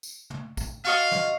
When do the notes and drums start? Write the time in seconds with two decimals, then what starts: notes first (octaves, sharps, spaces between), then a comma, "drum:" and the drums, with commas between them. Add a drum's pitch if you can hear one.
0.03 drum: tambourine
0.30 drum: tom
0.57 drum: kick, tambourine
0.84 F4 F#4 D#5 F5
1.12 drum: snare